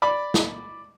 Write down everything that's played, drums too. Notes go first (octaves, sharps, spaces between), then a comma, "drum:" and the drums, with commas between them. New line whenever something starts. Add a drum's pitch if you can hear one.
D5 B5 D6
drum: snare